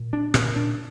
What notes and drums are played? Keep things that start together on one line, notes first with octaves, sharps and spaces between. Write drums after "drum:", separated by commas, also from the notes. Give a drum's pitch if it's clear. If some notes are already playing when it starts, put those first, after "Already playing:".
Already playing: A#2
D4
A#2 C#4, drum: rim click
D4